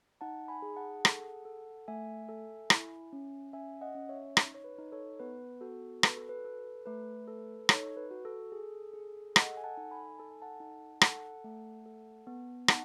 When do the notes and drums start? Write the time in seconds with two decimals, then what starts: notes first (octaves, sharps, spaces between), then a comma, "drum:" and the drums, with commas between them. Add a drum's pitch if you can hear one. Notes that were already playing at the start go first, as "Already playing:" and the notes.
0.21 D#4 F#5 A5
0.48 G#5 B5
0.62 G#4
0.76 F#5 A5
1.05 A4, drum: rim click
1.45 A4
1.88 A3 E5 G#5
2.29 A4
2.70 E4, drum: rim click
3.13 C#4
3.53 C#4 E5 G#5
3.81 D#5 F#5
3.95 C#4
4.09 C#5 E5
4.37 D#4, drum: rim click
4.54 C#5
4.64 B4
4.79 D#4
4.92 A4 C#5
5.19 B3 B4
5.61 F#4 A4
6.03 A4 B4, drum: rim click
6.17 A4
6.29 B4
6.45 A4
6.86 A3 B4
7.28 A4 B4
7.69 D#4 A4 C#5, drum: rim click
7.97 B4
8.11 F#4
8.25 A4
8.52 G#4
8.94 G#4
9.36 A4 D#5 F#5, drum: rim click
9.57 G#5
9.64 F#5 A5
9.77 D#4
9.91 G#5 B5
10.18 A4 A5
10.31 G#5
10.42 F#5 A5
10.60 D#4
11.01 A4 F#5 A5, drum: rim click
11.44 A3
11.86 A4
12.27 B3
12.68 D#4 F#5 A5, drum: rim click